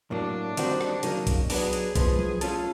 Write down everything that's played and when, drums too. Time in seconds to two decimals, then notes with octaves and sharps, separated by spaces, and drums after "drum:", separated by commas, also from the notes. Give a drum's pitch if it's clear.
0.11 A2 F#3 A#3 D4
0.57 D#3 G3 C4 D#4 F#4, drum: hi-hat
0.81 drum: rim click
1.03 C#3 F#3 A#3 D#4, drum: hi-hat
1.27 drum: kick B1, hi-hat
1.50 F#3 B3 D4 G#4, drum: open hi-hat
1.73 drum: hi-hat
1.95 F3 G#3 B3, drum: kick B1, hi-hat
2.19 drum: tom F#3
2.41 A3 C#4 F4 A4, drum: hi-hat